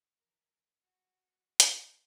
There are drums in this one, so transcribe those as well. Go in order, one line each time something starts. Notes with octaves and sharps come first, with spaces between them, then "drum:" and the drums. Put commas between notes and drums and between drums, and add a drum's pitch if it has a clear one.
E3 A#4
F#4 F#5
B3, drum: hi-hat